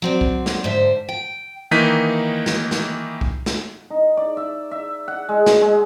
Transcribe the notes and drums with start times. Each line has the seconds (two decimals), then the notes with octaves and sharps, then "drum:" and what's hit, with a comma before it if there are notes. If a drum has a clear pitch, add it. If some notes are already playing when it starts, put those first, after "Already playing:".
0.02 F#3 C4 D5
0.21 drum: kick
0.46 drum: snare
0.64 G#2 D3 C5 E5
1.09 G5
1.71 D#3 E3 A#3 D#4 B6 D#7
2.46 drum: snare
2.71 drum: snare
3.21 drum: kick
3.46 drum: snare
3.90 D#4
4.17 D5
4.37 E5
4.71 E5
5.08 F#5
5.29 G#3
5.46 drum: snare
5.62 G#3